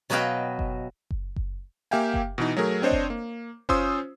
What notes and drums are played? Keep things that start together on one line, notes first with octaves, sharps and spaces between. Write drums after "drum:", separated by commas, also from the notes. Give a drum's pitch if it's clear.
B2 F#3 B4 D#5 F5 G5
drum: kick F#1
drum: kick F#1
drum: kick F#1
A#3 G4 E5 F5 G5 G#5
drum: kick F#1
B2 E3 D#4
F#3 A3 G#4 A#4
C4 D4 C5 C#5 D#5
drum: kick F#1
A#3
C#4 F4 C5 C6 D#6 E6, drum: kick F#1